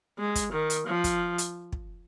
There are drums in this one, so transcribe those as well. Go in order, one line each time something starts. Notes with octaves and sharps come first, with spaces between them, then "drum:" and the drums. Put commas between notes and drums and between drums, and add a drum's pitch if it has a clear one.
G#3
drum: kick, hi-hat
D#3
drum: hi-hat
F3
drum: kick, hi-hat
drum: hi-hat
drum: kick